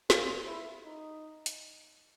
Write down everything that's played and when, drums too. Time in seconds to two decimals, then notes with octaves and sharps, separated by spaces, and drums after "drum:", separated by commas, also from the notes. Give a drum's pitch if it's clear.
0.10 F4, drum: snare
0.47 E4
0.84 D#4
1.46 drum: hi-hat